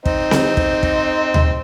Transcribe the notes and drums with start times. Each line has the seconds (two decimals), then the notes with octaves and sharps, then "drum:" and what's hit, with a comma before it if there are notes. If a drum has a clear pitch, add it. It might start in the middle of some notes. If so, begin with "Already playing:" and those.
0.05 C4 D#4, drum: kick
0.31 drum: snare C4
0.57 drum: kick
0.83 drum: kick
1.34 drum: tom D2